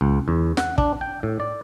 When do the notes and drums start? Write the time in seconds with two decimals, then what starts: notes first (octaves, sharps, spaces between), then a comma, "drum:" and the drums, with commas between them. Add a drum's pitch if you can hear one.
0.01 C#2
0.28 E2
0.57 F#5, drum: snare
0.78 D4, drum: kick
1.01 G5
1.23 A2
1.40 D5